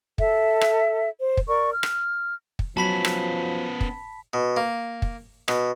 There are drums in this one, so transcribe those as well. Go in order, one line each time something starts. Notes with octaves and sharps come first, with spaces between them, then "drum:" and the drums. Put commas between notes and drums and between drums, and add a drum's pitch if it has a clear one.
A4 E5, drum: kick
drum: rim click
C5
drum: kick
A#4 D5 C#6
F6
drum: rim click
drum: kick
F3 F#3 B3 C#4 A5 B5 B6
drum: rim click
drum: kick
B2
A#3
drum: kick
B2, drum: rim click